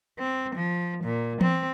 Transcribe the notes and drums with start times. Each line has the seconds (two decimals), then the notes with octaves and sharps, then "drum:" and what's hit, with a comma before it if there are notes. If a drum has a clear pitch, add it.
0.18 C4
0.55 F3
1.04 A#2
1.41 C4, drum: tom E3